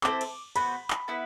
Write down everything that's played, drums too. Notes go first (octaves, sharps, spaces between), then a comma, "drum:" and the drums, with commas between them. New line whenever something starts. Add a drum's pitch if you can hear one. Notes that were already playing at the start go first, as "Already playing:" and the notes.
C4 E4 A4 C5 D6, drum: clap
drum: cymbal
B3 F#4 C5 B5, drum: cymbal
drum: clap
B3 E4 B4